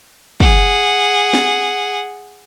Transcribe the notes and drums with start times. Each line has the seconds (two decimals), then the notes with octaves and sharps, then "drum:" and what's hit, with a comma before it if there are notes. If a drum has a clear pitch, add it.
0.40 G#4 F#5, drum: kick
1.33 drum: snare